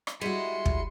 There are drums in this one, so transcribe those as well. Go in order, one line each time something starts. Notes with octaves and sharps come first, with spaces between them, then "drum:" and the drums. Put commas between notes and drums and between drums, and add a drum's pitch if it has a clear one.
drum: rim click
G3 G#3 E4 F#4 C6 C#7
drum: kick